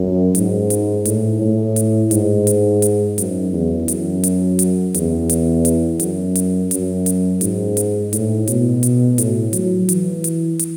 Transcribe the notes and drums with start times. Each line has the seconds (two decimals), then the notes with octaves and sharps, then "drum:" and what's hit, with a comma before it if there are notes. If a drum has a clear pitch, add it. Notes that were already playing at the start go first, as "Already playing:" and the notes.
Already playing: F#2
0.35 G#2, drum: hi-hat
0.70 drum: hi-hat
1.05 A2, drum: hi-hat
1.41 A2
1.76 drum: hi-hat
2.11 G#2, drum: hi-hat
2.47 drum: hi-hat
2.82 drum: hi-hat
3.18 F#2, drum: hi-hat
3.53 E2
3.88 F#2, drum: hi-hat
4.23 drum: hi-hat
4.59 drum: hi-hat
4.94 E2, drum: hi-hat
5.29 drum: hi-hat
5.65 drum: hi-hat
6.00 F#2, drum: hi-hat
6.35 drum: hi-hat
6.71 F#2, drum: hi-hat
7.06 drum: hi-hat
7.41 G#2, drum: hi-hat
7.77 drum: hi-hat
8.13 A2, drum: hi-hat
8.47 B2, drum: hi-hat
8.83 drum: hi-hat
9.18 A2, drum: hi-hat
9.53 F#3, drum: hi-hat
9.89 E3, drum: hi-hat
10.24 drum: hi-hat
10.59 drum: hi-hat